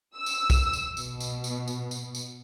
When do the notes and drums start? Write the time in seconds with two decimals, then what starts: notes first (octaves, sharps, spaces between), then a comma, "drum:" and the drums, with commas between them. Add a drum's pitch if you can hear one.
0.17 E6
0.26 drum: tambourine
0.50 drum: kick, tambourine
0.73 drum: tambourine
0.97 B2, drum: tambourine
1.20 drum: tambourine
1.44 drum: tambourine
1.68 drum: tambourine
1.91 drum: tambourine
2.15 drum: tambourine